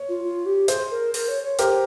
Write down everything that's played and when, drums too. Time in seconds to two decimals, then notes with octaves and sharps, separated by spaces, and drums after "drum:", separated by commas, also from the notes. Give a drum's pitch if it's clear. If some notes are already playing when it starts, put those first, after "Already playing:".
Already playing: C#5
0.09 F4
0.24 F4
0.46 G4
0.68 G#4 C5, drum: hi-hat
0.91 A#4
1.14 A#4, drum: open hi-hat
1.28 C#5
1.44 C#5
1.58 G4 A#4 C5, drum: hi-hat